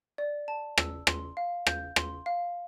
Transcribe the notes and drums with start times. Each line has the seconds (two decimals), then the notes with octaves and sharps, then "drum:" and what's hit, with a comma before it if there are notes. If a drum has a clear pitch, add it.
0.18 D5
0.48 A5
0.78 E6, drum: rim click
1.07 C6, drum: rim click
1.37 F5
1.67 G6, drum: rim click
1.96 C6, drum: rim click
2.26 F5